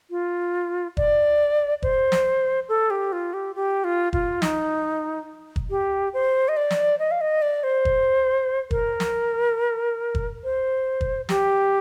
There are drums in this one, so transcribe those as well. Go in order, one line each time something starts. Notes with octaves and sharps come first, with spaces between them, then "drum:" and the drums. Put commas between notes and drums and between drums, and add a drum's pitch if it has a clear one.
F4
D5, drum: kick
C5, drum: kick
drum: snare
A4
G4
F4
G4
G4
F4
F4, drum: kick
D#4, drum: snare
drum: kick
G4
C5
D#5
D5
drum: snare
D#5
F5
D#5
D5
C5
drum: kick
A#4, drum: kick
drum: snare
drum: kick
C5
drum: kick
G4, drum: snare